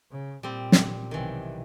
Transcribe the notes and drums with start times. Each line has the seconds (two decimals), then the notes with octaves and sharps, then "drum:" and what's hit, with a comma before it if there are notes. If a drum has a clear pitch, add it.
0.11 C#3
0.43 A#2 G3 C4
0.72 drum: snare
1.11 B1 C3 D#3 E3